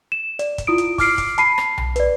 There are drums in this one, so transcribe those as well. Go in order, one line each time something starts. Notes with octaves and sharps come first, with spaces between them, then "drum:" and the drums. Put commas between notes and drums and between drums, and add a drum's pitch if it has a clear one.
E7
D5, drum: hi-hat
drum: kick, hi-hat
E4 F4 D#6 D7
drum: hi-hat
D6 F6 C7 D7, drum: kick, open hi-hat
drum: kick, hi-hat
A5 B5 C7 D#7, drum: hi-hat
drum: rim click
drum: tom B1
B4 D5, drum: hi-hat